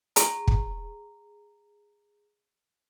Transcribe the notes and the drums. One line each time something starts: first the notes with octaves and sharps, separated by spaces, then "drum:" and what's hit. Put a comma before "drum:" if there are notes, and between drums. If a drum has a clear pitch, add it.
G#4 A#5, drum: hi-hat
drum: kick